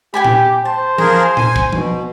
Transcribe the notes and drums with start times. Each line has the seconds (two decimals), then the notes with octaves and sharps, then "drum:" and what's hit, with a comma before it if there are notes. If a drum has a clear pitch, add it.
0.14 G4 G5 G#5 B5
0.24 drum: tom A#2
0.65 C5 A5
0.98 F3 G#4 A#4 A#5, drum: tom F3
1.37 G#5, drum: tom A#2
1.56 drum: kick
1.73 B2, drum: tom F3